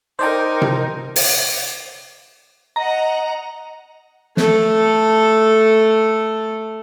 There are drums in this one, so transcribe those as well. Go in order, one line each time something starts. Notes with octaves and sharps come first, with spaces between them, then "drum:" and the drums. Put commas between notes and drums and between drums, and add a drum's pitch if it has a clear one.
D#4 A#4 C5 D5 G5
drum: tom C3
drum: open hi-hat
D#5 F#5 A#5
A3 A4, drum: snare